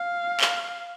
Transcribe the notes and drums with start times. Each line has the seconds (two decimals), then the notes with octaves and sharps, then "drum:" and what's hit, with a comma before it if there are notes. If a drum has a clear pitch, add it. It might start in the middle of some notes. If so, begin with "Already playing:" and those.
Already playing: F5
0.41 drum: clap